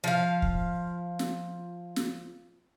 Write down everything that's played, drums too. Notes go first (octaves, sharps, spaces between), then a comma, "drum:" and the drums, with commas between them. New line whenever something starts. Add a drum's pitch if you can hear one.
F3 F5
drum: kick
drum: snare
drum: snare